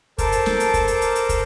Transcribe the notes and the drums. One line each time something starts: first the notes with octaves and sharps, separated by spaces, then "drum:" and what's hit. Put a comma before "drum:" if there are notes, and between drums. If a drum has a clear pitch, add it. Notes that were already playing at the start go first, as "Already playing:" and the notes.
A4 A#4 C5 A5 D6, drum: kick, hi-hat
drum: hi-hat
drum: snare
drum: hi-hat
drum: kick, hi-hat
drum: hi-hat
drum: hi-hat
drum: hi-hat
drum: kick, hi-hat